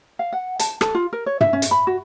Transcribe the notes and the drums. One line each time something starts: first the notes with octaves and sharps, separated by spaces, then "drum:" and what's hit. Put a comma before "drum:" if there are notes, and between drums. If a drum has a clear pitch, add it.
F5
F#5
A5, drum: hi-hat
A4, drum: rim click
F4
A#4
C#5
E5, drum: tom
C#4
drum: hi-hat
B5
F#4